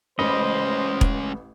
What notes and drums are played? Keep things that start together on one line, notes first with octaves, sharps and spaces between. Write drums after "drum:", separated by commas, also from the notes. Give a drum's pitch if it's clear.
A1 G#3 C#4 C5 D#5 B5
drum: kick E1